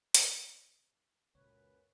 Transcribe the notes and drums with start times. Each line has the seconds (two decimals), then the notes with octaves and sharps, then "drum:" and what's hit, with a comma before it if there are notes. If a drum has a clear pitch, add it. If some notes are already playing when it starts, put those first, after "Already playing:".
0.15 drum: hi-hat
1.35 C#2 F#2 A#2 B4 C#5